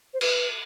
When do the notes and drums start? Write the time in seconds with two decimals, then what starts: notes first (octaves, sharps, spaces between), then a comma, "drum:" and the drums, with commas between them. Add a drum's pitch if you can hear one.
0.14 C5
0.21 B4, drum: cymbal